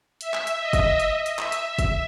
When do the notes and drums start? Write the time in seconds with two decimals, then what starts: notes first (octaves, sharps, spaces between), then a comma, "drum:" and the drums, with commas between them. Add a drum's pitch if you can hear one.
0.21 E5, drum: hi-hat
0.34 drum: clap
0.47 drum: hi-hat
0.60 D#5
0.73 drum: kick, hi-hat
1.00 drum: hi-hat
1.26 drum: hi-hat
1.39 E5, drum: clap
1.52 drum: hi-hat
1.79 drum: kick, hi-hat